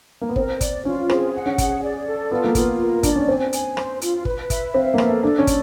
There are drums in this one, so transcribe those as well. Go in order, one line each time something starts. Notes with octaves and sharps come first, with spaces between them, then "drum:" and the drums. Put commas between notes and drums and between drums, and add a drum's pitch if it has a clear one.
A#3
B3
C4 A#4, drum: kick
D5, drum: kick, hi-hat
C#4 F4
C4 G#4, drum: rim click
F#5
C#4
G#4, drum: kick, hi-hat
D5
A4
B3 F4
A#3
B3 F4, drum: kick, hi-hat
A#4
D4 D5, drum: kick, hi-hat
C#4
C4 G#5
G#5, drum: hi-hat
C5, drum: rim click
F4, drum: hi-hat
B4, drum: kick
E5, drum: kick, hi-hat
C4 F5
A#3
B3 A4, drum: rim click
D4 A4
C#4
A4, drum: kick, hi-hat